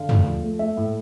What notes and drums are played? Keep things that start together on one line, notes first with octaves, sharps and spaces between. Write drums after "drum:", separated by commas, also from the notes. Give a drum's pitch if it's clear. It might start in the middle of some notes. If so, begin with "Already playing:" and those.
Already playing: D3 F5
A3, drum: tom
F3
A3
A3 E5
A2